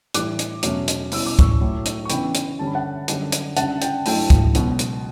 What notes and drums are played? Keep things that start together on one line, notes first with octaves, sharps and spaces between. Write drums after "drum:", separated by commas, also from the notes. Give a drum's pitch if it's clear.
A2 E3 G3 D6 F#6, drum: hi-hat
drum: hi-hat
E2 B2 F#3 A3 C#4, drum: hi-hat
drum: hi-hat
B2 G3 C#4 E4 E6, drum: open hi-hat
D6
C#6 E6, drum: kick, hi-hat
A2 F#3 A3 E4
drum: hi-hat
C#6
C#3 E3 B3 D4 G5 B5, drum: hi-hat
drum: hi-hat
G2 D3 G3 C#4 A5
B5
F#5 A5
F#2 D3 G3 D4, drum: hi-hat
drum: hi-hat
C#3 G3 D4 F#5 A5, drum: hi-hat
G5, drum: hi-hat
G2 F#3 A3 E4 G5, drum: open hi-hat
drum: kick, hi-hat
C#2 B2 F#3, drum: hi-hat
drum: hi-hat